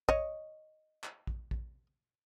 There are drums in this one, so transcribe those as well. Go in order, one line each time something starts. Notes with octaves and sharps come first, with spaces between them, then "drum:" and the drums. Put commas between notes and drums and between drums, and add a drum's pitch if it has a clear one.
C#5 D#5, drum: kick A#1
drum: clap
drum: kick A#1
drum: kick A#1